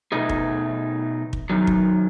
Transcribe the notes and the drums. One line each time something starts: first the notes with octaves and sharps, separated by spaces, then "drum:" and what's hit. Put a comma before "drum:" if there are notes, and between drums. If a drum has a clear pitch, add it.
B2 A3 D#4 G#4
drum: kick
drum: kick
F#2 D#3 F#3
drum: kick